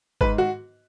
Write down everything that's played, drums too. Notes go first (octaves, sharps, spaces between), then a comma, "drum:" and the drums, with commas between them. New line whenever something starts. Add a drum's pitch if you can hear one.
G#2 B4, drum: kick G1
F#4